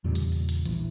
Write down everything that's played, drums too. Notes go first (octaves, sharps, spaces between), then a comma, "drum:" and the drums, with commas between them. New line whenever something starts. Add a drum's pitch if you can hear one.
E2 A#2 C#3 G3
drum: hi-hat
drum: open hi-hat
drum: hi-hat
A#1 E3, drum: hi-hat